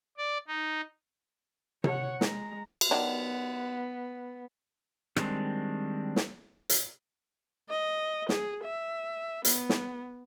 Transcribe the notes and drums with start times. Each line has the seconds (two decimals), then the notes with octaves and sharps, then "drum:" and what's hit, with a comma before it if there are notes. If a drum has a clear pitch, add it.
0.17 D5
0.48 D#4
1.84 C#5 F#5, drum: tom C3
2.21 G#3 A#5, drum: snare
2.81 drum: cymbal
2.91 D#3 F#3 B3 D4
5.16 D#3 G3 G#3 A#3 C4 D4, drum: rim click
6.16 drum: snare
6.69 drum: hi-hat
7.69 D#5
8.29 G#4, drum: snare
8.64 E5
9.45 B3, drum: hi-hat
9.69 drum: snare